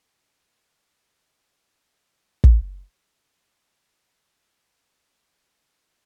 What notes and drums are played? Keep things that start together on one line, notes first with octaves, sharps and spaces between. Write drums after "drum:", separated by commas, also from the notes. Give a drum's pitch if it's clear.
C#3 D5 F#5
drum: kick
E3 G#3 F4 D#5
G#5 C#6 D6
A4